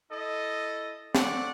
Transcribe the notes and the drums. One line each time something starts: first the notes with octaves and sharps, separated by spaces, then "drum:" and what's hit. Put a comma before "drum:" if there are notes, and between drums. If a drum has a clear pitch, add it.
E4 A4 D#5
A3 C4 D5 F#5, drum: snare